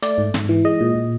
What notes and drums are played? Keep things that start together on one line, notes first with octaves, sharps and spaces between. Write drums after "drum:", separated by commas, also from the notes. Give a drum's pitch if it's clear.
A3 D5, drum: hi-hat
G#2
G#2, drum: snare
E3
G#3 D#5
A#2
A#2